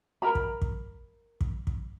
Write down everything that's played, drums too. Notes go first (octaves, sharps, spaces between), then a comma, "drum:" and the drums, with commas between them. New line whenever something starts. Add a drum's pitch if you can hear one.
A#4 A#5 B5
drum: kick
drum: kick
drum: kick
drum: kick